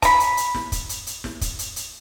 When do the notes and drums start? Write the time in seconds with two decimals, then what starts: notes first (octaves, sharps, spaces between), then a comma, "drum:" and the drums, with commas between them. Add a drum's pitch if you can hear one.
0.02 A#5 B5, drum: kick, hi-hat
0.20 drum: hi-hat
0.37 drum: hi-hat
0.55 drum: snare
0.72 drum: kick, hi-hat
0.89 drum: hi-hat
1.07 drum: hi-hat
1.24 drum: snare
1.41 drum: kick, hi-hat
1.59 drum: hi-hat
1.76 drum: hi-hat